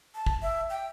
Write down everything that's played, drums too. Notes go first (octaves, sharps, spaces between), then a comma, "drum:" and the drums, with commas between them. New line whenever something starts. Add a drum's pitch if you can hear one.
A5
drum: kick
E5
G5